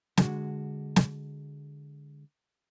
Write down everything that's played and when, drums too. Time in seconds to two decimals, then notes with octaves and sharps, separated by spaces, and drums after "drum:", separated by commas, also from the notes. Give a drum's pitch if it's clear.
0.17 D3 G#3 F#4, drum: snare
0.96 drum: snare